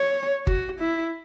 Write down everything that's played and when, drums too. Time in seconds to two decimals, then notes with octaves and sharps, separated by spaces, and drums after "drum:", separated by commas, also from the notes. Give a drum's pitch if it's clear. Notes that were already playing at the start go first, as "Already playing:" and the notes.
Already playing: C#5
0.47 F#4, drum: kick G1
0.79 E4